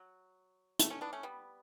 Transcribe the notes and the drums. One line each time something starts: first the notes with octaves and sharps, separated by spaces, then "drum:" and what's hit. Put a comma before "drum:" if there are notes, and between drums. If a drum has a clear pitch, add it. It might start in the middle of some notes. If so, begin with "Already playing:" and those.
Already playing: F#3
A3, drum: hi-hat
A3 C#4
B3 D4
A3 C#4
G3 B3